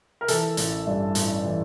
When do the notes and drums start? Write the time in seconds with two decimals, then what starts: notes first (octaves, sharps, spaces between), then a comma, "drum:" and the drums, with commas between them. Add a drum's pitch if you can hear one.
0.21 A#4
0.28 E3 A4, drum: hi-hat
0.57 A1, drum: hi-hat
0.87 G2
1.15 A1, drum: hi-hat
1.44 E3